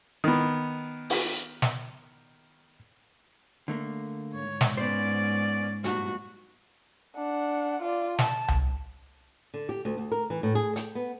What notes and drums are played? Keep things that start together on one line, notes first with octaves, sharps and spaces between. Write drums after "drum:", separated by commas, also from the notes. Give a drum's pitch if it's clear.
D#3 B3
drum: open hi-hat
drum: snare
D3 A3 A#3
G#2 C#5
drum: snare
B3 C#4 C5 D5
B1 G2 A#2 F#4, drum: hi-hat
D4 F#5
F4 D5
A5, drum: snare
drum: tom C2
D3
G4
D2
D2
A#4
E3
A2
G#4
G5, drum: hi-hat
B3